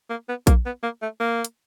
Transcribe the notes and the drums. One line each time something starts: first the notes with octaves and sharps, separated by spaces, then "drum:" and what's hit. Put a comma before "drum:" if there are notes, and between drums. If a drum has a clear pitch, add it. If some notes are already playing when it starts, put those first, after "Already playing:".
A#3
B3
A#3, drum: kick A#1, hi-hat
B3
A#3
A3
A#3
drum: hi-hat